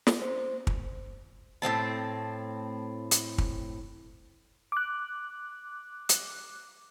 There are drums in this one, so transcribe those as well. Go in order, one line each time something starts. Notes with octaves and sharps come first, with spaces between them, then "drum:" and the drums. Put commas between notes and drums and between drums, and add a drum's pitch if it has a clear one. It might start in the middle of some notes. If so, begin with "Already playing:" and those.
drum: snare
C5
drum: kick
A2 B3 C4 A5
drum: hi-hat
drum: kick
D6 F#6
drum: hi-hat